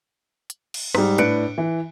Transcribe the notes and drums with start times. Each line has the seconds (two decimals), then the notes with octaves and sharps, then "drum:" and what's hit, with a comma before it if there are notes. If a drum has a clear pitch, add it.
0.50 drum: hi-hat
0.74 drum: cymbal
0.95 G#2 G3, drum: rim click
1.18 A2 D4 B4 F#6 C#7 D7, drum: hi-hat
1.58 E3